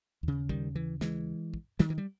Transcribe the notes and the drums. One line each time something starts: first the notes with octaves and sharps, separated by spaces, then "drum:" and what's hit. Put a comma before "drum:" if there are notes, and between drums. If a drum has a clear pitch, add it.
D#2 C#3
D#3 G3, drum: kick
E3
E3 G#3, drum: snare
drum: kick
D#3 G3, drum: snare
E3
G3